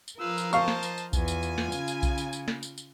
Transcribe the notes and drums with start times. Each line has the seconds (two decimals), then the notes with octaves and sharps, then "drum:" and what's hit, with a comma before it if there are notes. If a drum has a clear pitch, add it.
0.08 drum: tambourine
0.19 F3 F4 G#4 A#4 B4 F5 E6
0.38 drum: tambourine
0.53 C5 D#5 F5 A5 C#6, drum: tambourine
0.68 drum: snare
0.83 drum: tambourine
0.98 drum: tambourine
1.13 E2 F4 G#5, drum: kick B1, tambourine
1.28 drum: tambourine
1.43 drum: tambourine
1.58 drum: snare
1.72 C#3, drum: tambourine
1.88 drum: tambourine
2.03 drum: kick B1, tambourine
2.18 drum: tambourine
2.33 drum: tambourine
2.48 drum: snare
2.63 drum: tambourine
2.78 drum: tambourine